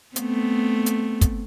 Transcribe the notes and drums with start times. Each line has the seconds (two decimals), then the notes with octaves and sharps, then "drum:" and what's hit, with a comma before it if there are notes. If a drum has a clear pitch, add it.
0.16 A3 B3 C4, drum: hi-hat
0.86 drum: hi-hat
1.21 drum: kick, hi-hat